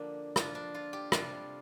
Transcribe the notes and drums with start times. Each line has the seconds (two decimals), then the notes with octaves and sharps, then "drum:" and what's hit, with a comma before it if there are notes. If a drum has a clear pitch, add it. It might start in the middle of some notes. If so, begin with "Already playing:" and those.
Already playing: D3 F3 A#3 D4
0.36 F3 D4 F4, drum: rim click
0.55 D4
0.74 F4
0.93 G4
1.12 C3 G3 D4 F4, drum: rim click